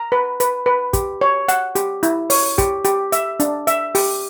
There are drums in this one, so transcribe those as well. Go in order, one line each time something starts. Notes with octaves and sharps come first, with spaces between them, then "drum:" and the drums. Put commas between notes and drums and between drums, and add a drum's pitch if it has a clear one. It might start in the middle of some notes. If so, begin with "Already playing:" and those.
Already playing: A#5
B4
B4, drum: hi-hat
B4
G4, drum: kick, hi-hat
C#5
F#5, drum: hi-hat
G4, drum: hi-hat
E4, drum: hi-hat
C#5, drum: open hi-hat
G4, drum: kick, hi-hat
G4, drum: hi-hat
E5, drum: hi-hat
D4, drum: hi-hat
E5, drum: hi-hat
G4, drum: open hi-hat